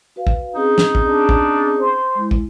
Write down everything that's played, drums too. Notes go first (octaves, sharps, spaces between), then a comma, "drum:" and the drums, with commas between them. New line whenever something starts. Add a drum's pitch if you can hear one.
F#4 B4 F5
drum: kick
C4 C#4 D#4 G#4
drum: snare
drum: kick
D4
drum: kick
C5
G#3 E4
drum: kick